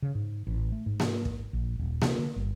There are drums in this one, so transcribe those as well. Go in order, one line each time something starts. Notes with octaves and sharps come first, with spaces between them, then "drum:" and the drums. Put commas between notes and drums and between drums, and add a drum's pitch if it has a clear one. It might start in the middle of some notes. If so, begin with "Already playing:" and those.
C#3
G#2
A1
A3
G#2
drum: snare A#3
drum: kick
A#1
D#1
C3, drum: snare A#3
D3
G1